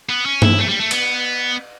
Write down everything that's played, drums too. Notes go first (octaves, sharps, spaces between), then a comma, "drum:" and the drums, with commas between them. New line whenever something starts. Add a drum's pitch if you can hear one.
B3
C#4
E4, drum: tom
A3
G3
A3
B3, drum: cymbal